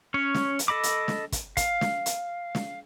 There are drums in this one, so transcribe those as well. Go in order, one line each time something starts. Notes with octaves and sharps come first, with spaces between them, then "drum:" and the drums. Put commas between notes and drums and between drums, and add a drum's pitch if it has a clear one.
C#4 C#5
drum: snare
drum: hi-hat
A4 D#5 B5 D6
drum: hi-hat
drum: snare
drum: kick, hi-hat
F5, drum: kick, hi-hat
drum: snare
drum: hi-hat
drum: snare